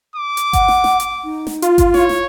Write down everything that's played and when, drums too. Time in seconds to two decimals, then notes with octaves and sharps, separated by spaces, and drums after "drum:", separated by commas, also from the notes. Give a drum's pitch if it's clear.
0.15 D6
0.37 drum: hi-hat
0.53 F#5, drum: kick G1, hi-hat
0.68 drum: snare
0.84 drum: snare
1.00 drum: hi-hat
1.24 D#4
1.47 drum: snare
1.62 F4, drum: hi-hat
1.78 drum: kick G1, hi-hat
1.94 E4 C#5, drum: snare
2.09 drum: snare